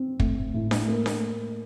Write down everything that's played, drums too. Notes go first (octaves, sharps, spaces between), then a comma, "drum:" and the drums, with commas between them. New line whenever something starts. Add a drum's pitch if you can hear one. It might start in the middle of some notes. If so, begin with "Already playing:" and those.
Already playing: C4
A3, drum: kick
A2
drum: snare D4
A#3
drum: snare D4